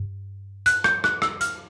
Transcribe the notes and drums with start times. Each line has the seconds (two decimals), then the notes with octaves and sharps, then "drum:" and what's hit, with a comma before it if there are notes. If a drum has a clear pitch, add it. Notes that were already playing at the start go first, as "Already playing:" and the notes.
Already playing: G2
0.66 F#6, drum: hi-hat
0.84 G6, drum: rim click
1.04 F#6, drum: rim click
1.22 E6, drum: rim click
1.41 F6, drum: hi-hat